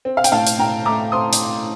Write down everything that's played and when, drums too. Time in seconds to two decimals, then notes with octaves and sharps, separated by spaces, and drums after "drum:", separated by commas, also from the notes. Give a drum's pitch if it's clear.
0.05 C4
0.17 F5
0.24 G5, drum: hi-hat
0.32 A2 F5 A5
0.47 drum: hi-hat
0.59 A2 G5 A#5
0.85 A3 A#5 D6
1.12 C4 C6 D#6
1.33 drum: hi-hat